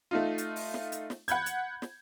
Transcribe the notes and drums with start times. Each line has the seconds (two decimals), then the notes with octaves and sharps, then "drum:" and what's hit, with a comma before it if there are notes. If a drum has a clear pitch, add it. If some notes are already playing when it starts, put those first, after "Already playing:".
0.11 A3 D#4 F4
0.38 drum: hi-hat
0.56 drum: open hi-hat
0.74 drum: snare
0.92 drum: hi-hat
1.10 drum: snare
1.28 F#5 B5 G6 G#6, drum: hi-hat
1.46 drum: hi-hat
1.82 drum: snare